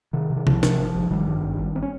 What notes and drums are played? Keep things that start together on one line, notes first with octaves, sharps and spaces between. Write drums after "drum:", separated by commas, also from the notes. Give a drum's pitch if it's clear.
C3 D#3
C3
D#3
C2 F3, drum: tom C3
C3, drum: snare
G#1 F3
G#1
G#1 D#3 G3
G2
G#1
G#1
C4
C#4